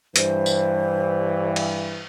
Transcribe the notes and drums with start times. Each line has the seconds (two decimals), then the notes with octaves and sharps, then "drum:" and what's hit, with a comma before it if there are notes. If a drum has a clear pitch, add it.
0.16 G2 E3 C5, drum: hi-hat
0.46 drum: tambourine
1.56 drum: cymbal